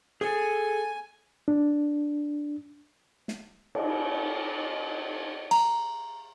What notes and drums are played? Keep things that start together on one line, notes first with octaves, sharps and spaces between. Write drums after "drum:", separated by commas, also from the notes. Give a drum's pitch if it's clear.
G#4 A4 G#5
D4
drum: snare
drum: cymbal
A#5, drum: cymbal